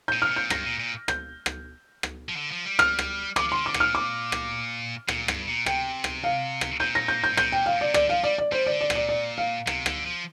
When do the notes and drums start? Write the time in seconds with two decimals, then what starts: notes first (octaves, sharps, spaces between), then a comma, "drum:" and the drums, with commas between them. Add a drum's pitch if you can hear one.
0.08 A#2 G6
0.22 C3 F6
0.31 A#2
0.36 G6
0.50 G2 A#6, drum: rim click
0.65 A#2
0.80 A#2
1.08 G6, drum: rim click
1.46 drum: rim click
2.03 drum: rim click
2.29 F3
2.36 D3
2.51 F3
2.65 G3
2.79 F6, drum: rim click
2.99 drum: rim click
3.36 F3 D6, drum: rim click
3.49 F3
3.52 D3 C6
3.66 D6
3.74 A#2, drum: rim click
3.80 F6
3.95 D6
4.32 drum: rim click
5.08 A#2, drum: rim click
5.28 G2, drum: rim click
5.47 A#2
5.66 C3 G5, drum: rim click
6.04 drum: rim click
6.24 F5
6.61 drum: rim click
6.80 A#2 G6
6.95 A#6
7.08 G6
7.24 G6
7.31 G2
7.37 A#2 G6, drum: rim click
7.52 G5
7.66 F5
7.72 G2
7.80 A#2 D5
7.87 C3
7.94 D3 D5, drum: rim click
8.09 F3 F5
8.23 G3 D5
8.38 D5
8.52 G3 C5
8.64 F3
8.66 D5
8.72 D3
8.81 D5
8.90 A#2, drum: rim click
8.95 D5
9.09 D5
9.38 F5
9.67 C3, drum: rim click
9.86 D3, drum: rim click
10.05 F3